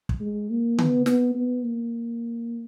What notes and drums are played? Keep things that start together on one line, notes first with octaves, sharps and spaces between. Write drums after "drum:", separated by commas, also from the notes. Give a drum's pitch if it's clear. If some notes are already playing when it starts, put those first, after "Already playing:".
drum: kick
G#3
A#3
B3, drum: tom D3
B3, drum: snare
B3
A#3